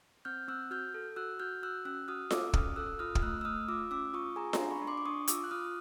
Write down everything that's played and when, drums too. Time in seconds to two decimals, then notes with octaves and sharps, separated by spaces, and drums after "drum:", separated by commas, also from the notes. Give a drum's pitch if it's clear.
0.25 C4 F6 G6
0.48 C4 E6 F#6
0.71 F#4 F6 G6
0.94 A4
1.16 F#4 E6 F#6
1.39 F#4 F6 G6
1.62 F#4 E6 F#6
1.85 C#4 E6 F#6
2.08 F#4 D#6 F6
2.31 A4 D6 E6, drum: snare F4
2.53 C#4 D#6 F6, drum: kick
2.76 A4 E6 F#6
2.99 F4 D#6 F6
3.15 F6, drum: kick
3.22 A3 E6 F#6
3.41 E6
3.45 A3 D#6 F6
3.68 F4 D6 E6
3.91 C#4 D6 E6
4.14 F4 C#6 D#6
4.36 G#4 G#5 A#5
4.53 A#5 C6, drum: snare F4
4.59 D4
4.71 B5 C#6
4.82 D4
4.87 C6 D6
4.97 D6
5.06 D4 C#6 D#6
5.28 F4 D6 E6, drum: hi-hat
5.44 F#6
5.51 F4 D#6 F6